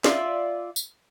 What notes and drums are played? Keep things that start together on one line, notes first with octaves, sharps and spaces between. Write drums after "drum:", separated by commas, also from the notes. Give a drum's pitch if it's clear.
F4 D5 E5, drum: snare
drum: tambourine